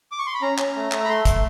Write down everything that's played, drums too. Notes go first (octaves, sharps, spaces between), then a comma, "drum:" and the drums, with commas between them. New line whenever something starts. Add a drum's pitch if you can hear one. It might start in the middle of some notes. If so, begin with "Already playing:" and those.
D6
C#6
C6
B5
C#4 A#5
C#4, drum: clap
A3
A3, drum: clap
B5
A3 C6
A3, drum: kick, hi-hat